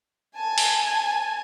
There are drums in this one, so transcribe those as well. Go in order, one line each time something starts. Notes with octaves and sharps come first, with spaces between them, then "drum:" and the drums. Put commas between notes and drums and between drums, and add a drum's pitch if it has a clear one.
G#5 A5
drum: open hi-hat